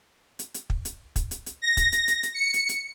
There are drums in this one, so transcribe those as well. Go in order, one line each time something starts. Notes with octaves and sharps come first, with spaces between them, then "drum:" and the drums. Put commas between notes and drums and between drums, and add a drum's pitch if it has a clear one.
drum: hi-hat
drum: hi-hat
drum: kick
drum: hi-hat
drum: kick, hi-hat
drum: hi-hat
drum: hi-hat
A#6
drum: kick, hi-hat
drum: hi-hat
drum: hi-hat
drum: hi-hat
C#7
drum: hi-hat
drum: hi-hat